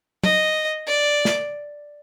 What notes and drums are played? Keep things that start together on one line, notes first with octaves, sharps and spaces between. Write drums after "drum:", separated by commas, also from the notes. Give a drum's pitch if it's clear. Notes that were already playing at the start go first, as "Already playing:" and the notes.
D#5, drum: tom
D5
drum: snare